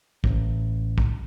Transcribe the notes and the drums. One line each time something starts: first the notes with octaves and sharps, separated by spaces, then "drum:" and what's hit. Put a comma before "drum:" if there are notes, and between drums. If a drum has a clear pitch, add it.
A1, drum: kick
drum: kick